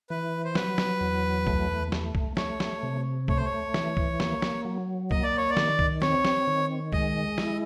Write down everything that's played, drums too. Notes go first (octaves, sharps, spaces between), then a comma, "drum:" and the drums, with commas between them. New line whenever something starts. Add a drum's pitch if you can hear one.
E3 B4
C5
F#3 B4, drum: snare
drum: snare
E2
A3, drum: kick C2
A3, drum: snare
drum: kick C2
A3 C#5, drum: snare
drum: snare
C3
A3 C#5, drum: kick C2
C5
C#5
E3, drum: snare
drum: kick C2
A#3, drum: snare
drum: snare
F#3
A#3 D#5, drum: kick C2
D5
C#5
D5
D#3, drum: snare
drum: kick C2
C4 C#5, drum: snare
drum: snare
D#3
G#3 D#5, drum: kick C2
E4, drum: snare